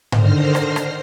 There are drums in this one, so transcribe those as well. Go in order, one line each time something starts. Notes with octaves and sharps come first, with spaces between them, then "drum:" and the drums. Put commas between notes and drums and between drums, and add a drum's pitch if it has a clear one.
D3 D#3 C5 F6 A#6 C7, drum: tom G#2
drum: rim click
drum: rim click